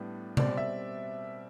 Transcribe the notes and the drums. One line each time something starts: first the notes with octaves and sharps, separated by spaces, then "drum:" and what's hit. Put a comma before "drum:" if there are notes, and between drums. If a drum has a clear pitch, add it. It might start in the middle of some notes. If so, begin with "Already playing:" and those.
Already playing: A2 G3 B3 D4
B2 G3 C4 D5, drum: tom C3
E5